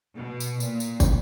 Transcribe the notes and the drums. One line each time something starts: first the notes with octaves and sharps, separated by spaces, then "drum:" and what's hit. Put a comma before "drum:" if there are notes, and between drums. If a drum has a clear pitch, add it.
B2
drum: tambourine
A#2, drum: tambourine
drum: tambourine
drum: kick, tambourine